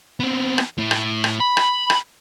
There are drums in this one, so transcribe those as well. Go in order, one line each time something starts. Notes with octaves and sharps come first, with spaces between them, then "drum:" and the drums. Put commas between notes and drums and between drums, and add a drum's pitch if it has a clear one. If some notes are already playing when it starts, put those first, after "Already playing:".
B3 C4
drum: rim click
A2
drum: rim click
drum: rim click
B5
drum: rim click
drum: rim click